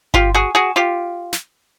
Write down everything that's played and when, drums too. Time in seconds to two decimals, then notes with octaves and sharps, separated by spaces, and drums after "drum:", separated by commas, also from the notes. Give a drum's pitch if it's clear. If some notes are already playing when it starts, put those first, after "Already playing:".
0.14 F4 G4, drum: kick G1
0.34 F#4 G#4
0.55 F#4 G#4
0.76 F4 G4
1.33 drum: snare